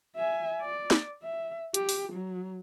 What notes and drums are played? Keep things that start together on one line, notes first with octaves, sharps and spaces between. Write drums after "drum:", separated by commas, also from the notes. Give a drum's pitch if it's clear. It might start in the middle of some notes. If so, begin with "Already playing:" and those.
E5 G#5
D5
drum: snare
E5
G4, drum: hi-hat
drum: open hi-hat
F#3